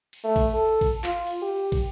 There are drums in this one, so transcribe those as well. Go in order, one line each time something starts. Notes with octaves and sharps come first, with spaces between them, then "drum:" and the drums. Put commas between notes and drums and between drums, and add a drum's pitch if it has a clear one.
drum: cymbal
A3
drum: kick, cymbal
A4
drum: kick, cymbal
F4, drum: clap
drum: cymbal
G4
drum: kick, cymbal